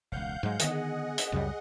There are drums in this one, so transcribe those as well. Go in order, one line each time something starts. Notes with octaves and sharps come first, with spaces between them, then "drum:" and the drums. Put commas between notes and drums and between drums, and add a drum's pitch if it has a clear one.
E1 C#2 F5 F#5 G6
G#2 F#3 G#3
D3 D#3 B3 G#4 D#5 F#5, drum: hi-hat
drum: hi-hat
C#2 F#2 C#3 G3